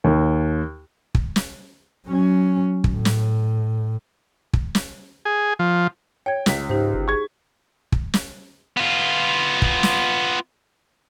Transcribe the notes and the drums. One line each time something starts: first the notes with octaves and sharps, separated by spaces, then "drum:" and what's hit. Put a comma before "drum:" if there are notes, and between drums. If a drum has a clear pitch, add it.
D#2
drum: kick
drum: snare
F#3 C#4
drum: kick
A2
drum: snare
drum: kick
drum: snare
G#4
F3
C#5 G5 G#6
C#2 B6, drum: snare
G#2 D#4 G4 C5
G1
G#4 C#6 G#6
drum: kick
drum: snare
B3 F4
drum: kick
drum: snare